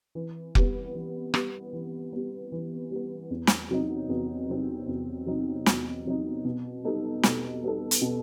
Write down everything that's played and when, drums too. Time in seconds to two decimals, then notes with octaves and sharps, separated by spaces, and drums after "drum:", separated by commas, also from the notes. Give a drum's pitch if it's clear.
0.15 E3
0.55 G3 B3, drum: kick F1
0.95 E3
1.34 G3 B3, drum: rim click
1.73 E3
2.13 G3 B3
2.52 E3
2.91 G3 B3
3.31 E2
3.47 drum: snare
3.69 C3 F#3 C4 D#4
4.09 E2
4.49 C3 F#3 C4 D#4
4.87 E2
5.26 C3 F#3 C4 D#4
5.66 E2, drum: snare
6.05 C3 F#3 C4 D#4
6.45 B2
6.84 G3 B3 D#4 A4
7.23 B2, drum: snare
7.63 G3 B3 D#4 A4
7.91 drum: hi-hat
8.02 B2